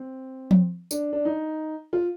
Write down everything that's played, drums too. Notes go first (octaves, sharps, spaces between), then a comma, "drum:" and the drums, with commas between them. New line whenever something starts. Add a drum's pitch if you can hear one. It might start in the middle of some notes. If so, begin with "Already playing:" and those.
Already playing: C4
drum: tom F3
D4, drum: tambourine
D4
D#4
F4